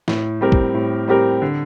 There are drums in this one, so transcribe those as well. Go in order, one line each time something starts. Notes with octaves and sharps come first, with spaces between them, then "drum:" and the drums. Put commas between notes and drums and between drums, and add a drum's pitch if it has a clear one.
A2, drum: snare
G3 C4 G4 A#4
drum: kick
A2
G3 C4 G4 A#4
D3